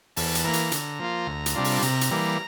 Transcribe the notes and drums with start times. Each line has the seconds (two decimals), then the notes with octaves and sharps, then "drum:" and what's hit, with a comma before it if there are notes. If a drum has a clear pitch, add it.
0.17 E2 A5, drum: open hi-hat
0.35 drum: hi-hat
0.44 E3 A#3 A#5
0.53 drum: hi-hat
0.72 D3, drum: hi-hat
1.00 F3 A#3 F4
1.27 D2
1.46 drum: hi-hat
1.55 C3 G3 D4 F4
1.64 drum: open hi-hat
1.82 C3 A#5, drum: hi-hat
2.01 drum: hi-hat
2.11 E3 G3 A#3